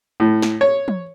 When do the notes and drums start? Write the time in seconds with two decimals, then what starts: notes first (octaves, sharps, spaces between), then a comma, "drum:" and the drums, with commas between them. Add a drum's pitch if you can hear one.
0.20 A2
0.42 drum: snare
0.61 C#5
0.88 drum: tom